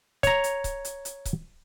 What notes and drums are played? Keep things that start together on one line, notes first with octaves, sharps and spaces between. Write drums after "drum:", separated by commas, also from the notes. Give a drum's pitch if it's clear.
C#5 A#5, drum: kick C#1, hi-hat
drum: hi-hat
drum: kick C#1, hi-hat
drum: hi-hat
drum: hi-hat
drum: kick C#1, hi-hat